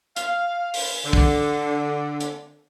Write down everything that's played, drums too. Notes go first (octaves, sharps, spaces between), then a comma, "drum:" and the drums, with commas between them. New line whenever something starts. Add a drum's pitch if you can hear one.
F5, drum: hi-hat
drum: open hi-hat
D3
drum: kick
drum: hi-hat